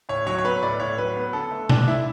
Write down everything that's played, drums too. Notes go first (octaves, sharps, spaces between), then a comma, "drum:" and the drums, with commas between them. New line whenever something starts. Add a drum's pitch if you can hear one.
A2 C#5
F#3 C#5
C#5
B3 B4
A2 D5
A2 C#5
F#3 B4
B3
D3 A4
A3
A3 D4, drum: tom B2
D3 E4